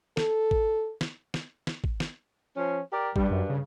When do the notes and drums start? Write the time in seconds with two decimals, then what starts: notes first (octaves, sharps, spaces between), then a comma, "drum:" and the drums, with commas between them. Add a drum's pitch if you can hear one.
0.17 A4, drum: snare
0.51 drum: kick
1.01 drum: snare
1.34 drum: snare
1.67 drum: snare
1.84 drum: kick
2.00 drum: snare
2.57 F3 C#4
2.92 G4 A#4 D5
3.16 G2 G3, drum: kick
3.31 F#2
3.49 C#3